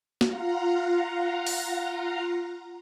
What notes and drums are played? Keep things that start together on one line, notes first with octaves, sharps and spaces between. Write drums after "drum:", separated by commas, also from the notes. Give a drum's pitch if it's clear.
F4 F5 F#5 A#5, drum: snare
drum: open hi-hat